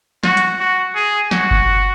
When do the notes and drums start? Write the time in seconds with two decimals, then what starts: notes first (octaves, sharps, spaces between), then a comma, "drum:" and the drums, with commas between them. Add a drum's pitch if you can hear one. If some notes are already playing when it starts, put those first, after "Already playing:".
0.23 F#4, drum: snare
0.37 drum: hi-hat
0.60 F#4
0.95 G#4
1.31 F#4, drum: snare
1.51 drum: kick G1